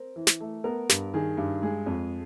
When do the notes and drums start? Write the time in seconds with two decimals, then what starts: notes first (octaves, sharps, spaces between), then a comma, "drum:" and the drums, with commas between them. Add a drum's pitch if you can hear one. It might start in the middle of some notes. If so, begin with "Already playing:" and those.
Already playing: C4 A#4
0.16 E3
0.27 drum: snare
0.40 A3
0.64 B3 A#4
0.89 G2, drum: snare
1.14 D#3 G#4
1.37 G2
1.62 G#3 G#4
1.86 F2